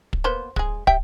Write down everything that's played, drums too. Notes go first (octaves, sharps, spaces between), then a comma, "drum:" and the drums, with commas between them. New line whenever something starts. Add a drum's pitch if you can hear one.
drum: kick
A#3 B3 C5
G#3 G#4, drum: kick
G4 E5 G5, drum: kick